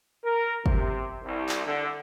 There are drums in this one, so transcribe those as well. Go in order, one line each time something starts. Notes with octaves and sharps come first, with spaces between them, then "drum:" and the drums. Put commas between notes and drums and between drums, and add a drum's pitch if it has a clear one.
A#4
C3, drum: kick
C2
drum: clap
D3